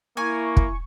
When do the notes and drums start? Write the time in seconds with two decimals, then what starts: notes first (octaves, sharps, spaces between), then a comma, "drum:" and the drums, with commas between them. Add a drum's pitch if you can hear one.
0.17 A#3 E4 G#5 C#6
0.57 drum: kick